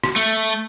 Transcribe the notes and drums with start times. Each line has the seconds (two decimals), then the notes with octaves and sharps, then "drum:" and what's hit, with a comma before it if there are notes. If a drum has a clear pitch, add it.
0.04 drum: rim click
0.16 A3